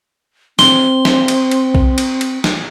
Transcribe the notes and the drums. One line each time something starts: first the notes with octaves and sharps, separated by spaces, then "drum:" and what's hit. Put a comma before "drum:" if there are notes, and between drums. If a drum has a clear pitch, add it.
C4 C6, drum: snare
drum: snare
drum: cymbal
drum: cymbal
drum: kick B1
drum: cymbal
drum: cymbal
drum: snare